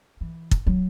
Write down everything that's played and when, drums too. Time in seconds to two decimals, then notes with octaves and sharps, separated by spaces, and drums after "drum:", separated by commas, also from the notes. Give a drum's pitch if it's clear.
0.21 E3
0.51 drum: kick
0.67 F#3